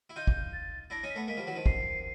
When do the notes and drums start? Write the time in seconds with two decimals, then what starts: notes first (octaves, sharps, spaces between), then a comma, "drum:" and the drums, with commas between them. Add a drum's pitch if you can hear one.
0.10 E4
0.16 D#4 F4 G6
0.27 drum: kick
0.53 A6
0.90 D4 E4 A#6
1.04 C#4 D#4
1.09 B6
1.15 A3 B3
1.28 G#3 A#3 B6
1.37 F3 G3
1.47 E3 F#3
1.56 D#3 F3
1.66 C7, drum: kick